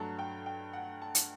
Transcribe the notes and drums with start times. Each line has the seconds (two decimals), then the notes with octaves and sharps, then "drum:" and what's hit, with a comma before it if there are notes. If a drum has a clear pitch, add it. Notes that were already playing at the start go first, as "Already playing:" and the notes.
Already playing: G2 F#3 A3 A5
0.19 G5
0.46 G5
0.73 F#5
1.02 A5
1.15 drum: hi-hat